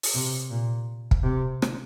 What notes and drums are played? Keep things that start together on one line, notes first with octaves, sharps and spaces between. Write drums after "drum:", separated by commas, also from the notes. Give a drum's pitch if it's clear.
drum: open hi-hat
C3
A#2
drum: kick
C3
drum: rim click